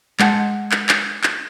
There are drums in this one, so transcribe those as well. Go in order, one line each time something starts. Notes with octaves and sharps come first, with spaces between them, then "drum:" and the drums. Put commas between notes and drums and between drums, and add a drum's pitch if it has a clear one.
G#3 D#5 F#5 A5, drum: clap
drum: clap
drum: clap
drum: clap